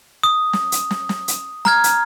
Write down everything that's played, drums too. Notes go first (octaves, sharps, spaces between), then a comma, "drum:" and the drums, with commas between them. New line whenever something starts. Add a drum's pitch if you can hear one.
D#6
drum: snare
drum: hi-hat
drum: snare
drum: snare
drum: hi-hat
A#5 F6 G#6, drum: snare
drum: hi-hat